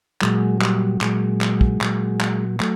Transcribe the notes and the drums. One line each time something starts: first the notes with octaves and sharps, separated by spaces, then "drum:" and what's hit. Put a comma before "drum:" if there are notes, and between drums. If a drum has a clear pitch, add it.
A#2 F#3 G#3, drum: clap
G3, drum: clap
A#2 F#3 G#3, drum: clap
drum: clap
drum: kick
A#2 F#3, drum: clap
drum: clap
F#3 A3, drum: clap